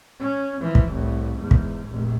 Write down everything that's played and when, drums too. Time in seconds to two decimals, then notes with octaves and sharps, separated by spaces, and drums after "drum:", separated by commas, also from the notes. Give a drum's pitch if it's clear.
0.20 C#4
0.60 E3 F3
0.75 drum: kick
0.92 C2 A2
1.37 E2 G#2
1.51 drum: kick
1.89 F1 A#1